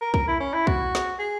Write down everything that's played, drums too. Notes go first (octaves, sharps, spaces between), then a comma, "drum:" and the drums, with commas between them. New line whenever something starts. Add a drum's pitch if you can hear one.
A#4
A#4, drum: kick
E4
C#4
E4
F#4, drum: kick
drum: snare
G#4